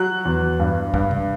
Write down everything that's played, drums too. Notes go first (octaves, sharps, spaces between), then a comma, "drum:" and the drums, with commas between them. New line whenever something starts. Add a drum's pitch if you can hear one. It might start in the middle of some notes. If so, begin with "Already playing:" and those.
Already playing: F#3 F#6
E2
G2
G2, drum: kick
drum: tom C3